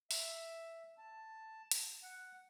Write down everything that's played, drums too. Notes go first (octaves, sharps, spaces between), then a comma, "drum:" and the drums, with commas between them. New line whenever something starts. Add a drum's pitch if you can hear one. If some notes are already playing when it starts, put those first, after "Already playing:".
E5, drum: open hi-hat
A5
drum: hi-hat
F#5